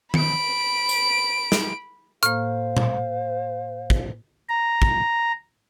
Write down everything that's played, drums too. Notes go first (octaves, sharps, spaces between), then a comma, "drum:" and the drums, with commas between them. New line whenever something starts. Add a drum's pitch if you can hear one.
B5 D7, drum: tom
drum: tambourine
drum: snare
A2 A#3 C5 F5 F6, drum: hi-hat
drum: tom A#2
drum: kick
A#5
drum: kick